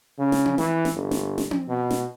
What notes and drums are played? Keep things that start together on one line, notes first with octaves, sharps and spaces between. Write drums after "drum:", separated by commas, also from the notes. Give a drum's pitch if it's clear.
C#3
drum: snare
drum: tom C4
E3, drum: snare
drum: snare
G1
drum: snare
drum: snare
drum: tom C4
B2
drum: snare